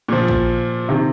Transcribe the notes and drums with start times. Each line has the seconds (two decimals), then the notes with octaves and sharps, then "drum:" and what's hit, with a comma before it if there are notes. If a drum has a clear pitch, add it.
0.08 A#2 F3
0.28 drum: kick
0.89 C3 D#3